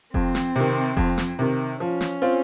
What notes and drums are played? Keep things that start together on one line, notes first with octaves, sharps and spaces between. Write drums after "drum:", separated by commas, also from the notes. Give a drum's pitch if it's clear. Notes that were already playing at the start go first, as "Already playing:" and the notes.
F2 C4, drum: kick F1
drum: snare
C3 D#3
F2, drum: kick F1
drum: snare
C3 D#3
F3 C#4
drum: snare
C4 F4